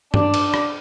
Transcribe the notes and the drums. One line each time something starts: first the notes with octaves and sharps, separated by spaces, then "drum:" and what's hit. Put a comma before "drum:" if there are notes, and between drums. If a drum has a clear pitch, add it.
D4 D5, drum: tom G2
drum: cymbal
drum: rim click